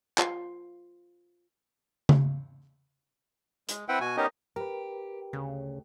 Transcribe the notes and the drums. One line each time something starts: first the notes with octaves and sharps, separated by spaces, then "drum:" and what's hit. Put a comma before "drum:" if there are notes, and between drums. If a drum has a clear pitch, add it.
F4 C6, drum: clap
drum: tom C#3
G#3, drum: hi-hat
C4 E4 B4 E5 F#5 G5
B2 F#4 G#5
B3 C#4 D#4 G4 A#4 D#5
G4 A#4 B4
D2 C#3